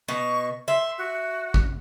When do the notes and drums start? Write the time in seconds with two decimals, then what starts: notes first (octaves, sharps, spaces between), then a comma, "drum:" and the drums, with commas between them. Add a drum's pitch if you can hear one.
0.08 B2 C#6
0.68 E5 C6
0.98 F#4
1.54 drum: kick